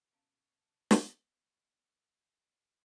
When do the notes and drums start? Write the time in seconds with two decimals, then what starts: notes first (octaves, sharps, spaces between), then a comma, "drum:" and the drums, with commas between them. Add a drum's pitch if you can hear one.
0.13 B2 C#4 F5 A5 D7
0.91 drum: snare